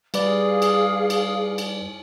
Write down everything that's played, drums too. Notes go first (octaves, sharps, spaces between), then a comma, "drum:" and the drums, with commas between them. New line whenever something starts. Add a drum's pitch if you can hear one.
G3 G#4 B4 D5 F5, drum: cymbal
drum: cymbal
drum: cymbal
drum: cymbal